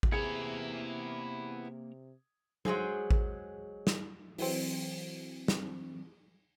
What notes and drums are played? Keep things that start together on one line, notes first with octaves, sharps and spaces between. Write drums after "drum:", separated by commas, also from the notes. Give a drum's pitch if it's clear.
drum: kick A1
C3 A#3 B3 E4 G#4 A#5 G#6 C#7
F#3 G#3 G#4 C5, drum: tom F#3
drum: kick A1
drum: snare
E3 F#3 C4, drum: open hi-hat
drum: snare